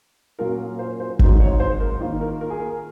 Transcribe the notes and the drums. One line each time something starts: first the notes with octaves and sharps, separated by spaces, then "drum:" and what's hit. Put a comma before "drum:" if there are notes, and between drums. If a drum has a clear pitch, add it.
A#2 F#3 A#3 C#4 F4 A#4
C5
C5
G#2 D#3 F#3 C4 D#4 C5, drum: kick
C#5
C5
A#4
D#3 A#3 F4
A#4
A#4
G#4
A#4